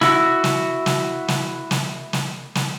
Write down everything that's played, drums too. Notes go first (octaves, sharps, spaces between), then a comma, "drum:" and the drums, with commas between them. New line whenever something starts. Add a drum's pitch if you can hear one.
E4 F#4, drum: snare
drum: snare
drum: snare
drum: snare
drum: snare
drum: snare
drum: snare